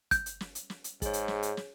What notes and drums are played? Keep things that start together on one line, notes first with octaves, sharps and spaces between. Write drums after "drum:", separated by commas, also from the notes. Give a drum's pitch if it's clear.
G6, drum: kick, hi-hat
drum: hi-hat
drum: snare
drum: hi-hat
drum: snare
drum: hi-hat
G#2 G#4 C#5, drum: kick, hi-hat
drum: hi-hat
drum: snare
drum: hi-hat
drum: snare